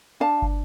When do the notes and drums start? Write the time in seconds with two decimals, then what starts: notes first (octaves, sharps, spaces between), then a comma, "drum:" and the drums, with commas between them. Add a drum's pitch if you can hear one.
0.20 D4 F5 A5
0.42 drum: kick